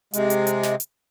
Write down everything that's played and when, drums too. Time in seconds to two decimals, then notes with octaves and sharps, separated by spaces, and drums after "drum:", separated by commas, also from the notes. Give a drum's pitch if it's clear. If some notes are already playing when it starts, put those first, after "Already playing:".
0.13 C3 G#3, drum: hi-hat
0.30 drum: hi-hat
0.47 drum: hi-hat
0.63 drum: snare
0.80 drum: hi-hat